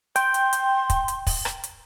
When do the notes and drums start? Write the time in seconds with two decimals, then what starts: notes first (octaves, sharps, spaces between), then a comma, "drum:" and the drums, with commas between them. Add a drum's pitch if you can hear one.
0.16 G5 C6, drum: hi-hat
0.34 drum: hi-hat
0.53 drum: hi-hat
0.90 drum: kick, hi-hat
1.08 drum: hi-hat
1.27 drum: kick, open hi-hat
1.45 drum: rim click
1.64 drum: hi-hat